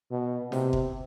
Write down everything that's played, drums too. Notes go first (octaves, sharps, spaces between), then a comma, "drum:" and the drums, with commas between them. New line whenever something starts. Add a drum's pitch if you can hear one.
B2
C3, drum: snare
drum: kick F#1